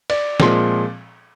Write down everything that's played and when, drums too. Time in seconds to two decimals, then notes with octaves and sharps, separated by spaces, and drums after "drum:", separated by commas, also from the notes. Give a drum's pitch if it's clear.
0.10 D5, drum: cymbal
0.40 A#2 F3 G#3 C4, drum: snare